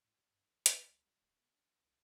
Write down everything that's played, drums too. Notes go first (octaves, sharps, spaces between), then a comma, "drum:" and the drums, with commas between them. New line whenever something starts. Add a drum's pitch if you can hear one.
A2
G3
G2
D#3
D#3, drum: hi-hat
C#2
G3
D1
B2
D4
C2